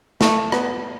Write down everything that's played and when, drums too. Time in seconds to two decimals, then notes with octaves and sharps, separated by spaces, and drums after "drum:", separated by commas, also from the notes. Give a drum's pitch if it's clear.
0.21 A3, drum: snare
0.52 B3, drum: rim click